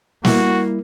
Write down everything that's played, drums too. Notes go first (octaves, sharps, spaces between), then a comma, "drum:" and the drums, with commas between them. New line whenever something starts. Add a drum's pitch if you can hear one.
G3 A#3 E4 F#4, drum: snare